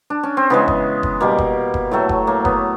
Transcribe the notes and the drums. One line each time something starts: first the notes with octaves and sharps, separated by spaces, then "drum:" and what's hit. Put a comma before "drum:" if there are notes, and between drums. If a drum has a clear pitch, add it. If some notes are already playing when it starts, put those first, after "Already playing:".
D4
C#4
C4
C#3 E3 G#3 B3
drum: kick F#1
drum: kick F#1
B2 G3 A#3
drum: kick F#1
drum: kick F#1
A2 F#3 A3
drum: kick F#1
A#3
B3, drum: kick F#1